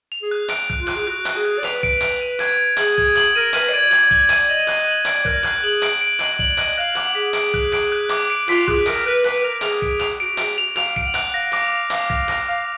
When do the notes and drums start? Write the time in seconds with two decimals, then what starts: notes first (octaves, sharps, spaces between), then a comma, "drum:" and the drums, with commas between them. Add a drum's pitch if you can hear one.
0.12 F7
0.22 G#4
0.31 F#6
0.50 D7, drum: clap
0.70 F#6, drum: kick B1
0.79 F4
0.88 F#6, drum: clap
0.96 G#4
1.07 F#4 F#6
1.26 F#6, drum: clap
1.36 G#4
1.45 F#6
1.58 D5
1.64 B4 F7, drum: clap
1.83 D7, drum: kick B1
2.02 D7, drum: clap
2.21 D#7
2.40 G#6, drum: clap
2.59 G#6
2.78 G#4 F#7, drum: clap
2.98 G#6, drum: kick B1
3.17 F#7, drum: clap
3.35 A#4 D#7
3.54 B4 D#7, drum: clap
3.69 D#5
3.73 D5 G#6
3.92 G#6, drum: clap
4.11 G#6, drum: kick B1
4.30 D#7, drum: clap
4.49 D#5 F#7
4.68 F#6, drum: clap
4.88 F#7
5.06 D5 D7, drum: clap
5.25 A#4 F#6, drum: kick B1
5.44 F#6, drum: clap
5.63 G#4 F#7
5.83 D7, drum: clap
6.01 D7
6.20 D#5 F#7, drum: clap
6.33 D#5
6.39 D5 F#7, drum: kick B1
6.58 D#5 F#6, drum: clap
6.78 F5 F#6
6.96 F#5 D6, drum: clap
7.15 G#4 B6
7.34 D7, drum: clap
7.54 F#6, drum: kick B1
7.73 D7, drum: clap
7.92 F#6
8.10 D6, drum: clap
8.30 D7
8.49 F4 B6, drum: clap
8.68 G#4 F#6, drum: kick B1
8.87 A#4 D7, drum: clap
9.06 B4 F#6
9.25 B4 F#6, drum: clap
9.44 A#4 F7
9.62 G#4 F7, drum: clap
9.82 D7, drum: kick B1
10.01 F7, drum: clap
10.20 F#4 D7
10.38 G#4 D7, drum: clap
10.58 F#4 F7
10.77 F5 F7, drum: clap
10.96 D7, drum: kick B1
11.06 F#5
11.15 F#6, drum: clap
11.33 F5 A#6
11.53 D6, drum: clap
11.72 A#6
11.91 F5 D6, drum: clap
12.10 A#6, drum: kick B1
12.29 A#6, drum: clap
12.48 F5 D6